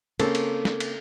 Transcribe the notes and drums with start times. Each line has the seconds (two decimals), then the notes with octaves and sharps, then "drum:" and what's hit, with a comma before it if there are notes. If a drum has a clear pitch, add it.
0.20 C#3 A#3 C4 C#4 A4, drum: cymbal
0.35 drum: cymbal
0.65 drum: snare
0.80 drum: cymbal